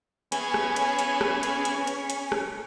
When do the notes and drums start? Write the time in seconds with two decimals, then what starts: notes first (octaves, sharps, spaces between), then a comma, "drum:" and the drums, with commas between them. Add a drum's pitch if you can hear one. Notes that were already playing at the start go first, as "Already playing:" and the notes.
0.32 B3 C#4 G#4, drum: hi-hat
0.54 drum: rim click
0.76 drum: hi-hat
0.99 drum: hi-hat
1.21 drum: rim click
1.43 drum: hi-hat
1.65 drum: hi-hat
1.87 drum: hi-hat
2.10 drum: hi-hat
2.32 drum: rim click